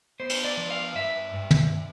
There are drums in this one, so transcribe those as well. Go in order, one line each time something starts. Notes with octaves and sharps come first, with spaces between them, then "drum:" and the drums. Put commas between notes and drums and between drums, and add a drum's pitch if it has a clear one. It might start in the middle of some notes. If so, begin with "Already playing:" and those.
B3 C5
drum: cymbal
D5
F3
F5
G2 E5
G2
drum: tom